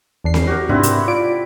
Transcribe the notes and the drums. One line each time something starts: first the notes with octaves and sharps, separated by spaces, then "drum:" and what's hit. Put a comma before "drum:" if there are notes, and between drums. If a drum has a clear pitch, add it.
E2 D4 C7
drum: snare C4
F#4 G4 A#4
G#2 C3 C4 D4 E4 B4
drum: hi-hat
F4 D5 D7